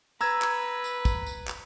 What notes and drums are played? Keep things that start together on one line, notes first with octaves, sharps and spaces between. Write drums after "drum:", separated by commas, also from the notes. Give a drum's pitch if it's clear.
B4 A#5 E6 G#6, drum: tambourine
drum: clap
drum: tambourine
drum: kick, tambourine
drum: tambourine
drum: clap